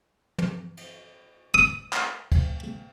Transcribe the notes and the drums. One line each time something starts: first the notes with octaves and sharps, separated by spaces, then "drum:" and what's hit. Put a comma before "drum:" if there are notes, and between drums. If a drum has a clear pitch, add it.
drum: tom
drum: cymbal
D#6
drum: clap
drum: kick, cymbal